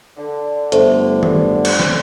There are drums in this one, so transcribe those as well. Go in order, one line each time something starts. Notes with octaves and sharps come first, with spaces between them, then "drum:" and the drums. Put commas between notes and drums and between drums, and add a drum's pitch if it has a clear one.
D3
G1 A3 C5, drum: hi-hat
drum: tom D#3
drum: cymbal
drum: snare